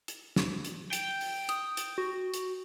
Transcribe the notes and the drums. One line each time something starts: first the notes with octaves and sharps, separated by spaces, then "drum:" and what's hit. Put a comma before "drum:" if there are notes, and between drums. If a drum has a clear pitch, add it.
drum: hi-hat
drum: snare
drum: hi-hat
G5, drum: hi-hat
drum: open hi-hat
D#6, drum: hi-hat
drum: hi-hat
F#4
drum: hi-hat